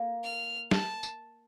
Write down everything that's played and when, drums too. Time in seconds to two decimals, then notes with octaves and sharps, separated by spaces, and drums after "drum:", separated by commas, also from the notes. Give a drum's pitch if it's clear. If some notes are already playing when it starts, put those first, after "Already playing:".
Already playing: A#3
0.24 F6
0.71 A5, drum: snare
1.03 drum: tambourine